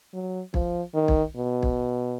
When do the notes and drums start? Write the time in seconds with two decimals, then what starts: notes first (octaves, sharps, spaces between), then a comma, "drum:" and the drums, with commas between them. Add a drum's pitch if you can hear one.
0.14 F#3
0.54 F3, drum: kick
0.94 D#3
1.08 drum: kick
1.36 B2
1.63 drum: kick